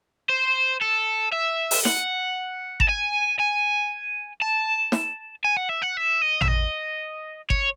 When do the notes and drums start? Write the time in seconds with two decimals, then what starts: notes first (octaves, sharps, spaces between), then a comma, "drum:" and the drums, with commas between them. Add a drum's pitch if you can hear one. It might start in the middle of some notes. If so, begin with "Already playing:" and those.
0.30 C5
0.81 A4
1.33 E5
1.71 drum: open hi-hat
1.85 F#5, drum: snare
2.80 A5, drum: kick G1
2.88 G#5
3.39 G#5
4.42 A5
4.92 drum: snare
5.44 G#5
5.57 F#5
5.69 E5
5.82 F#5
5.97 E5
6.22 D#5
6.41 E5, drum: tom
6.48 D#5
7.50 C#5, drum: kick G1